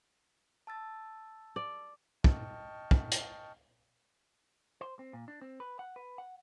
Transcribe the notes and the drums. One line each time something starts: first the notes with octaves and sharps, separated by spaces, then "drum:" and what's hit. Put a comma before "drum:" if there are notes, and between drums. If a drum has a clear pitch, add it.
A5 E6 A6
D5
D#5 G5 A5 C#6 F6, drum: kick
drum: kick
drum: hi-hat
C5
C4
A#2
D4
C4
B4
F#5
B4
F#5